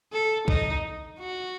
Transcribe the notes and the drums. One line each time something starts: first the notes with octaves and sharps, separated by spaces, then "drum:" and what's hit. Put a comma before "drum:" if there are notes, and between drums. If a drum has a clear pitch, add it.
A4
D#4, drum: kick
F#4